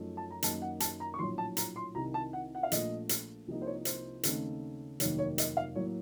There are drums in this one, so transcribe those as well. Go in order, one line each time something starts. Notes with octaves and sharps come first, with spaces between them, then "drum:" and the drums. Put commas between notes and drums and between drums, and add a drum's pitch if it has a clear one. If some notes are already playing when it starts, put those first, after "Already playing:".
Already playing: F#2 F3 A3 D#4
A5
A#5
F#2 D#3 A#3 D#4 A5, drum: hi-hat
F#5
A5, drum: hi-hat
A#5
C#6
A#1 A2 F#3 C6
A5
A#5, drum: hi-hat
C6
C2 C3 D#3 A#5
A5
F#5
F#5
F5
A#1 A#2 A3 D#5, drum: hi-hat
drum: hi-hat
C2 C3 F3 A#3 D#4
C5
C#5
C5, drum: hi-hat
D#2 C#3 A3 C4 D#4, drum: hi-hat
F1 D#2 D#3 F#3 A#3 C#5, drum: hi-hat
C#5
D#5, drum: hi-hat
F5
A2 F#3 A#3 C#5